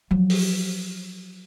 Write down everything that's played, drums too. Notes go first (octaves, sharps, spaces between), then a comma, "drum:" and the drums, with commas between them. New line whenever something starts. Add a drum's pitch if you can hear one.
F3 F#3
drum: open hi-hat